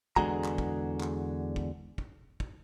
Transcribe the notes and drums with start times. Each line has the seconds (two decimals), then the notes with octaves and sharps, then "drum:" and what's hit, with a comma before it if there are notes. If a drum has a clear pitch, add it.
0.16 E2 D3 G#3 F#4 G#4 A#5, drum: kick
0.44 drum: clap
0.58 drum: kick
1.00 drum: clap
1.56 drum: kick
1.98 drum: kick
2.40 drum: kick